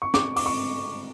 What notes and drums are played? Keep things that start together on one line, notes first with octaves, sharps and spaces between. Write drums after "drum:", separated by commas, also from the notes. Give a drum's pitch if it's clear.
C#6
D6, drum: snare
D6, drum: open hi-hat
C#6